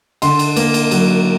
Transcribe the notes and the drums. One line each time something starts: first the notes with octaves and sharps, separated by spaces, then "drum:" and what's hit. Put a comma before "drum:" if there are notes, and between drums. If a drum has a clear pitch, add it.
D3 C6, drum: cymbal
drum: cymbal
A#3, drum: cymbal
drum: cymbal
F#3, drum: cymbal